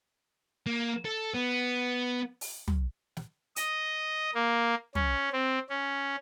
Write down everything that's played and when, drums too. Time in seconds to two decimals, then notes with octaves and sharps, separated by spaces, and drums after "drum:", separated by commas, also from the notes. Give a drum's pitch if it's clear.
0.66 A#3
1.05 A4
1.34 B3
2.41 drum: open hi-hat
2.68 drum: tom
3.17 drum: snare
3.56 D#5, drum: hi-hat
4.35 A#3
4.95 C#4, drum: tom
5.33 C4
5.70 C#4